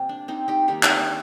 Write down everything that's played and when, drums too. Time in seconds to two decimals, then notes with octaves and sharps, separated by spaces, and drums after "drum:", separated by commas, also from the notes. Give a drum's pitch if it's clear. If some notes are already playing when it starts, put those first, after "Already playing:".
Already playing: C3 F3 A#3 C4
0.09 D4
0.28 C4 D#4
0.48 D#4 G4
0.68 D#3 G3 A#3 D#4 G4
0.83 C4 D#4, drum: clap
0.97 D4